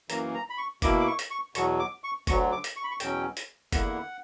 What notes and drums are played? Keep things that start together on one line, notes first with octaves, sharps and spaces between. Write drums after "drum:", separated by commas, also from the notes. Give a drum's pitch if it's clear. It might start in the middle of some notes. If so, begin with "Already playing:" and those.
F#2 E3 A#3 A#5, drum: hi-hat
A#5
B5
C#6
B2 A#3 E4 D6, drum: kick, hi-hat
D6
C#6
drum: hi-hat
C#6
E2 B2 F#3 C#6, drum: hi-hat
D6
C#6
D2 D3 F#3 C#6, drum: kick, hi-hat
D6
drum: hi-hat
C#6
B5
C#6
E2 B2 F#3 C#4 G5, drum: hi-hat
drum: hi-hat
E2 D3 A#3 E4 F#5, drum: kick, hi-hat